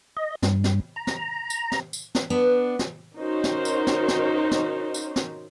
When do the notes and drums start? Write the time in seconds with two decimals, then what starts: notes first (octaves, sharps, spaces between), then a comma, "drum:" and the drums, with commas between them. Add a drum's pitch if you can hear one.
0.17 D#5
0.43 G2, drum: snare
0.64 drum: snare
0.96 A#5
1.07 drum: snare
1.50 drum: tambourine
1.72 drum: snare
1.93 drum: tambourine
2.15 drum: snare
2.30 B3 D4
2.79 drum: snare
3.18 C#4 D#4 F#4 A#4 C5
3.44 drum: snare
3.65 drum: tambourine
3.87 drum: snare
4.08 drum: snare
4.51 drum: snare
4.94 drum: tambourine
5.16 drum: snare